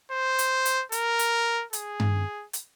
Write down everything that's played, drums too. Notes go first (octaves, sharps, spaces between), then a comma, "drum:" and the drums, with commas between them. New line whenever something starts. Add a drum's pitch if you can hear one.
C5
drum: hi-hat
drum: hi-hat
A#4, drum: hi-hat
drum: hi-hat
G#4, drum: hi-hat
drum: tom G2
drum: hi-hat